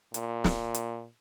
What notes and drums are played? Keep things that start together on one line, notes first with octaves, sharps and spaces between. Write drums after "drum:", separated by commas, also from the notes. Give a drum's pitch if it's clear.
A#2, drum: hi-hat
drum: snare
drum: hi-hat